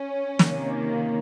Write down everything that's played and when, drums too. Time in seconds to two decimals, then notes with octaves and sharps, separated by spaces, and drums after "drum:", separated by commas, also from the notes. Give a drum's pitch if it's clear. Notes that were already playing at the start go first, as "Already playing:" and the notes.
Already playing: C#4
0.39 C3 D#3 A#3, drum: snare